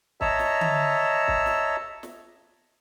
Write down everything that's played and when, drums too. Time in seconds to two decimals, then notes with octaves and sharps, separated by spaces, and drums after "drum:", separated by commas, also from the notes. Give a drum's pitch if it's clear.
0.21 C#5 D#5 E5 A5 A#5 E6, drum: kick
0.39 drum: snare
0.61 drum: tom D3
1.28 drum: kick
1.46 drum: snare
2.03 drum: snare